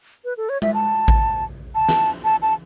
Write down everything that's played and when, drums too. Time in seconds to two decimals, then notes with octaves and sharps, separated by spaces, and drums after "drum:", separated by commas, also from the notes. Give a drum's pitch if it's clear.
0.25 B4
0.37 A4
0.49 C#5
0.62 E5, drum: tom G#3
0.74 A5
1.08 drum: kick A1
1.75 A5
1.89 drum: snare
2.24 A5
2.42 A5